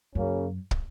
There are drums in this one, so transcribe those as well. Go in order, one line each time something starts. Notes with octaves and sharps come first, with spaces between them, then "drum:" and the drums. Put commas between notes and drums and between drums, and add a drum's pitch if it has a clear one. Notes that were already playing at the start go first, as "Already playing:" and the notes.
F#2 C#3 F#3 A#3 C#4
drum: kick